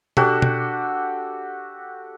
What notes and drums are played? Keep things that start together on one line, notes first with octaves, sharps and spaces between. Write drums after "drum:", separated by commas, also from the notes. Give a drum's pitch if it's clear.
D4 F#4 G4 A4, drum: tom B2
drum: tom B2